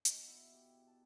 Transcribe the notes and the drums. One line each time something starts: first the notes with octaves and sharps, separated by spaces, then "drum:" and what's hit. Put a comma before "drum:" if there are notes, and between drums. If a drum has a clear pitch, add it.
B2, drum: hi-hat
E4
G4
A5